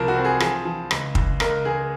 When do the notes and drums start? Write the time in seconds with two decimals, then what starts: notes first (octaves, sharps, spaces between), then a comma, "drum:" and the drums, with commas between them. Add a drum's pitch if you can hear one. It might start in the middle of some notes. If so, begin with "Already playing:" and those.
Already playing: C2 F3 A#4
0.08 F#4
0.15 C4
0.25 G#4
0.40 F3 G#4, drum: rim click
0.65 F3
0.91 C#2, drum: rim click
1.15 C#2, drum: kick
1.40 C#2 A#4, drum: rim click
1.65 C#2 G#4